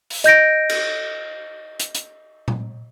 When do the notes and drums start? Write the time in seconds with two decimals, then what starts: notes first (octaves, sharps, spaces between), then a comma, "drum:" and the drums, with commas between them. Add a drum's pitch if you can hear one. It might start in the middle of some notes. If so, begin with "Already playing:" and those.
0.10 drum: open hi-hat
0.24 D#5 G6 A#6 D7, drum: hi-hat
0.69 drum: cymbal
1.80 drum: hi-hat
1.95 drum: hi-hat
2.48 drum: tom A#2